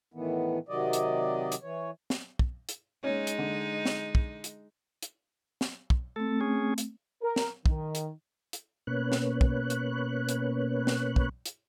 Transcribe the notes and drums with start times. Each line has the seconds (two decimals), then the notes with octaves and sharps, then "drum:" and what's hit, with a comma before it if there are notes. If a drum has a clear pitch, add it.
0.14 A2 D#3 E3 B3
0.69 C3 D#3 F#3 D5 D#5
0.93 drum: hi-hat
1.52 drum: hi-hat
1.62 E3 C#5
2.10 drum: snare
2.39 drum: kick
2.69 drum: hi-hat
3.03 G#3 C#4 D#4 C#5
3.27 drum: hi-hat
3.39 D3
3.86 drum: snare
4.15 drum: kick
4.44 drum: hi-hat
5.02 drum: hi-hat
5.61 drum: snare
5.90 drum: kick
6.16 A3 C4 A4
6.41 C#4 G#4
6.78 drum: hi-hat
7.22 A#4
7.36 drum: snare
7.66 D#3, drum: kick
7.95 drum: hi-hat
8.53 drum: hi-hat
8.87 B2 A#3 C#4 B4 C#5 F#6
9.12 drum: snare
9.41 drum: kick
9.70 drum: hi-hat
10.29 drum: hi-hat
10.87 drum: snare
11.16 drum: kick
11.46 drum: hi-hat